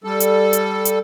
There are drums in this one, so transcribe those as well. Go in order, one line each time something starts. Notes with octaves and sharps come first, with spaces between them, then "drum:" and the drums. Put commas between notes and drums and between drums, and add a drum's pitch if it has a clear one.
G3 A4
drum: hi-hat
drum: hi-hat
drum: hi-hat